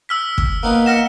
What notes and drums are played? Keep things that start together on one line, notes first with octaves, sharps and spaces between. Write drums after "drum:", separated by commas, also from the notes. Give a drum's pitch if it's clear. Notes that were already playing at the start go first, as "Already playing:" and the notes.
E6 F6 B6
drum: kick
A#3 B3 D#4
F#5 F6 A#6 E7